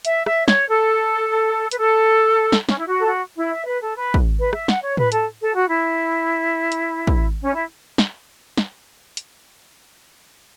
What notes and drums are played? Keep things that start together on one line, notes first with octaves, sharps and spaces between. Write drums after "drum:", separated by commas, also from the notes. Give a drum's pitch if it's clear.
E5, drum: hi-hat
E5, drum: rim click
C#5, drum: snare
A4
B4, drum: hi-hat
A4
drum: snare
C#4, drum: snare
E4
F#4
A4
F#4
E4
E5
B4
A4
B4
drum: kick
B4
E5, drum: rim click
F#5, drum: snare
C#5
B4, drum: tom A2
A4, drum: hi-hat
A4
F#4
E4
drum: hi-hat
drum: kick
C#4
E4
drum: snare
drum: snare
drum: hi-hat